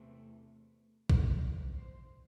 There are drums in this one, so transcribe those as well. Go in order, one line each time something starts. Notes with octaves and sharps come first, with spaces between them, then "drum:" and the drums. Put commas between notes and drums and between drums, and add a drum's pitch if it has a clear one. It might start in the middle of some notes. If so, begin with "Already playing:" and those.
Already playing: E2 C3 E3 A3
F2 E3 G3 D4 B4, drum: kick
C5